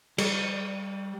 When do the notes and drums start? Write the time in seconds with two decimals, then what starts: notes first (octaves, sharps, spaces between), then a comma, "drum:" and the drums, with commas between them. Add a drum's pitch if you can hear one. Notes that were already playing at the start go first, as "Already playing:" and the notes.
0.18 G3, drum: cymbal